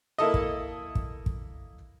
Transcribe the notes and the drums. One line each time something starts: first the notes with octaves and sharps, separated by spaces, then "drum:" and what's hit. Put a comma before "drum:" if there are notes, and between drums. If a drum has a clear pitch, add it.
A#3 E4 A4 D#5
drum: kick
drum: kick
drum: kick